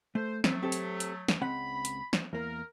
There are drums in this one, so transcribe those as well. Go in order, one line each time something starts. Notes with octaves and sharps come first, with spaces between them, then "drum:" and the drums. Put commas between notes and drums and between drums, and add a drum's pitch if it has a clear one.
A3 C5
F#3 A3 C4, drum: snare
C4 G4 A4
drum: hi-hat
drum: hi-hat
drum: snare
C#2 C4 F#5 B5
drum: hi-hat
drum: snare
E2 A#3 A#4